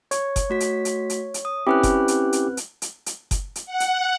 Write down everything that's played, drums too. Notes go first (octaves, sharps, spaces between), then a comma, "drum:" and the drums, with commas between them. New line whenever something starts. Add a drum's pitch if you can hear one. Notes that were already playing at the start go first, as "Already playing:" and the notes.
C#5, drum: hi-hat
drum: kick F#1, hi-hat
A3 F#4 B6
drum: hi-hat
drum: hi-hat
drum: hi-hat
drum: hi-hat
D#6
C4 C#4 E4 G4 B4 F#6
drum: kick F#1, hi-hat
drum: hi-hat
drum: hi-hat
drum: hi-hat
drum: hi-hat
drum: hi-hat
drum: kick F#1, hi-hat
drum: hi-hat
F#5
drum: hi-hat